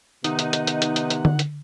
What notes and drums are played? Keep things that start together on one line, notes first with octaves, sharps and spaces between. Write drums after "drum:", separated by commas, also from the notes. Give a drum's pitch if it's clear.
C3 D#3 B3 D#4 F#5, drum: hi-hat
drum: hi-hat
drum: hi-hat
drum: hi-hat
drum: hi-hat
drum: hi-hat
drum: hi-hat
drum: tom D3
drum: hi-hat